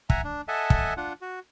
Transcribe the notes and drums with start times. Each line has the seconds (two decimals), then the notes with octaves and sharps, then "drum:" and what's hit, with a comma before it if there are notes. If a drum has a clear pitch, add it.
0.10 E5 F#5 G#5 A#5, drum: kick
0.24 D4
0.48 A4 D#5 E5 F#5 G#5 A5
0.70 drum: kick
0.97 D4 F4 F#5
1.21 F#4